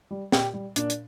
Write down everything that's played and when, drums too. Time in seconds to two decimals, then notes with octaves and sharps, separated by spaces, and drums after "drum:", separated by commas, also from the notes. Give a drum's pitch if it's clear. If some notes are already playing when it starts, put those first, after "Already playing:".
0.11 G3
0.32 A#2 G4, drum: snare
0.54 G3
0.76 A#2 D4, drum: hi-hat
0.90 drum: hi-hat